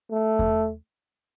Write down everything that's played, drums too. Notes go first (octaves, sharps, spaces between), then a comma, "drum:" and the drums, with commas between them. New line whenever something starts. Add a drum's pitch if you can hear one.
A3
drum: kick E2